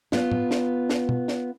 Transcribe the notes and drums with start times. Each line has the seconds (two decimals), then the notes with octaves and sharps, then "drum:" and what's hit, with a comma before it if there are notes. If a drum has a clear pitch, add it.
0.12 B3 F4, drum: snare
0.32 drum: tom A2
0.51 drum: snare
0.90 drum: snare
1.09 drum: tom B2
1.28 drum: snare